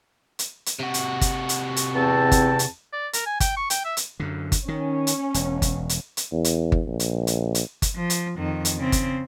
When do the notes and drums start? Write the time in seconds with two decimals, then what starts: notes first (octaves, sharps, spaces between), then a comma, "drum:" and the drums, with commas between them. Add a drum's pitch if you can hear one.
0.39 drum: hi-hat
0.66 drum: hi-hat
0.79 C3 F#4
0.94 drum: hi-hat
1.21 drum: kick G1, hi-hat
1.49 drum: hi-hat
1.76 drum: hi-hat
1.95 E2 C4 A5
2.32 drum: kick G1, hi-hat
2.59 drum: hi-hat
2.93 D5
3.13 A#4, drum: hi-hat
3.26 G#5
3.40 G5, drum: kick G1, hi-hat
3.56 C#6
3.70 G5, drum: hi-hat
3.85 E5
3.97 drum: hi-hat
4.20 F#2 D3
4.52 drum: kick G1, hi-hat
4.68 D#3 C#4
5.07 drum: hi-hat
5.34 E1, drum: hi-hat
5.62 drum: kick G1, hi-hat
5.89 drum: hi-hat
6.17 drum: hi-hat
6.31 E2
6.44 drum: hi-hat
6.72 drum: kick G1
6.87 A#1
7.00 drum: hi-hat
7.27 drum: hi-hat
7.55 drum: hi-hat
7.82 drum: kick G1, hi-hat
7.95 F3
8.10 drum: hi-hat
8.37 F2 D#3
8.65 drum: hi-hat
8.78 C#3 C4
8.92 drum: kick G1, hi-hat